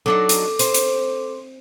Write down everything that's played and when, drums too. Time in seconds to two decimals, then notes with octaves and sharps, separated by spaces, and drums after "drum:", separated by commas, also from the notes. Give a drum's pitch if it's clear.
0.06 F#3 D4 D#4 A4 D6
0.29 drum: hi-hat
0.59 C4, drum: hi-hat
0.74 drum: hi-hat